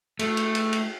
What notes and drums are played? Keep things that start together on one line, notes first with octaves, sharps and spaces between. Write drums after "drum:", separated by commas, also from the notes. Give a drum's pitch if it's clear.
A3, drum: cymbal
drum: cymbal
drum: cymbal
drum: cymbal